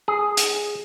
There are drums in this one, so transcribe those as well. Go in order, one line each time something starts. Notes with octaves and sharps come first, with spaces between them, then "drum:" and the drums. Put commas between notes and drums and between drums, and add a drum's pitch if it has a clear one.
G#4
drum: hi-hat